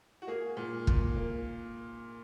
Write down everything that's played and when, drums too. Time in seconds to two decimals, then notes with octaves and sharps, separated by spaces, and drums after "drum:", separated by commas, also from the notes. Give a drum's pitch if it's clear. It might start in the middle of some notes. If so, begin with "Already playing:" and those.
0.22 F#4
0.27 A#3 G#4
0.57 A#2
0.87 A#2, drum: kick
1.16 A#3